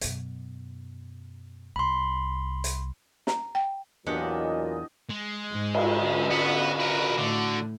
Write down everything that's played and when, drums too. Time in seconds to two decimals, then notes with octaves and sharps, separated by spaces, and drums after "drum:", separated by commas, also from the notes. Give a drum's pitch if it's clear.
0.01 F#2 B2, drum: hi-hat
1.76 C2 B5 C6
2.64 drum: hi-hat
3.27 A#5, drum: snare
3.55 G5
4.06 E2 A#2 F#3 D4 G4 D#5 F#5
5.10 G#3
5.52 G#2
5.74 drum: cymbal
5.99 D3 C#4
6.31 B3 F#4 F#5
6.79 A#4 B4
7.18 A2 D3